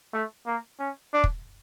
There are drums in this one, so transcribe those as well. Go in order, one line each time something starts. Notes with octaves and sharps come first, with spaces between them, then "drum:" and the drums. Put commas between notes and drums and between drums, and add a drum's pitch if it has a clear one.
A3
A#3
C#4
D4
drum: kick